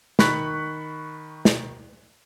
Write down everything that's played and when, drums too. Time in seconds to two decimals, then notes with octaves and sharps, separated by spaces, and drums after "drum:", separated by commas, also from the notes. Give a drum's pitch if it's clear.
0.19 D#3 B5 C#6 F#6 B6, drum: snare
1.45 drum: snare